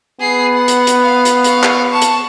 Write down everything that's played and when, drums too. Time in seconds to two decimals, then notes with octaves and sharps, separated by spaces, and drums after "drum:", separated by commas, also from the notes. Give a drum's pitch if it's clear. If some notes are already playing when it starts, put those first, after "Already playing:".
0.20 B3 G#4 C7
0.54 F#5
0.68 drum: hi-hat
0.87 drum: hi-hat
1.01 F5
1.25 drum: hi-hat
1.44 F5 C#6, drum: hi-hat
1.63 drum: clap
1.90 A5 C#6
2.02 drum: hi-hat